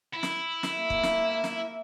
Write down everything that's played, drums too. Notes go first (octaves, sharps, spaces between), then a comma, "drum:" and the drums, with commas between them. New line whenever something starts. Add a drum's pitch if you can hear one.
E4
drum: snare
drum: snare
A#3 E5
drum: kick
drum: snare
drum: snare